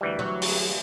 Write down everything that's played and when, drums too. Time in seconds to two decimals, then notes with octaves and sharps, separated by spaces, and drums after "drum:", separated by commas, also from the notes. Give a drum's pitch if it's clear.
0.01 D2 E3 G3
0.19 F#3
0.42 drum: open hi-hat